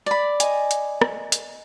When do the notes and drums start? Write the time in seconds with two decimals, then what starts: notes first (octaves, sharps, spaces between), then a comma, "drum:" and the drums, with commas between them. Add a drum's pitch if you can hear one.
0.06 D5 B5
0.40 D#5 G#5, drum: hi-hat
0.71 drum: hi-hat
1.02 drum: rim click
1.32 drum: hi-hat